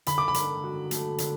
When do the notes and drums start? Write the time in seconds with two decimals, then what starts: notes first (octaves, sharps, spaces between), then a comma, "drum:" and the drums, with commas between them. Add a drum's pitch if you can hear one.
0.06 D3 B5, drum: hi-hat
0.18 D6
0.28 B5
0.34 D3, drum: hi-hat
0.64 F#4
0.91 A3, drum: hi-hat
1.18 D3, drum: hi-hat